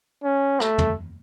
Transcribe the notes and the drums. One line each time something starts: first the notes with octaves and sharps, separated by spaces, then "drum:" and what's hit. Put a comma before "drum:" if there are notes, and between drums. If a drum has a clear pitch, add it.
C#4
A3, drum: rim click
drum: tom